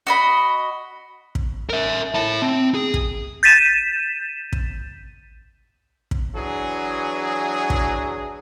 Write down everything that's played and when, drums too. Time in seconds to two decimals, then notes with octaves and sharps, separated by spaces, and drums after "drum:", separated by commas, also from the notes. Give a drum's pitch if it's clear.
0.07 F#4 D#5 B5
1.35 drum: kick
1.70 A#4 E5
2.14 E4 A5
2.42 C4
2.74 G#4
2.94 drum: kick
3.43 G6 A6 B6 D#7 E7
4.52 drum: kick
6.11 drum: kick
6.35 E3 F#3 D4 G#4
7.70 drum: kick